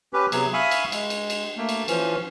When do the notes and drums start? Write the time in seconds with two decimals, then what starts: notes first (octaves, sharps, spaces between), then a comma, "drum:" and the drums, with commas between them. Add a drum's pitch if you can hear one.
0.13 C#4 G4 B4
0.32 C3 F#3 B3 G#4, drum: cymbal
0.53 E5 F5 G#5 B5 C#6 D#6
0.71 drum: cymbal
0.92 G#3, drum: cymbal
1.10 drum: cymbal
1.30 drum: cymbal
1.57 A3 A#3
1.69 drum: cymbal
1.88 E3 F3 C#4, drum: cymbal